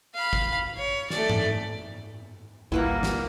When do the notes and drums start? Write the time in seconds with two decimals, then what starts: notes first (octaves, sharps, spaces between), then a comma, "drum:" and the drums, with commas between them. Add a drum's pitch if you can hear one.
0.15 F5 B5
0.33 drum: kick G#1
0.77 C#5
1.10 A3 D5, drum: snare
1.30 drum: tom G#2
2.72 G#1 C#2 A#2 G3 A#3 E4 B4 F#5
3.03 drum: snare